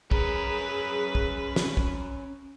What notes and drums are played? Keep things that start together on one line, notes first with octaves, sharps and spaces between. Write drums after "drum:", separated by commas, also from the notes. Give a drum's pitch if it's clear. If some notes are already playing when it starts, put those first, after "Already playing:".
C#4 G#4 A#4 B4, drum: kick
drum: kick
drum: snare
drum: kick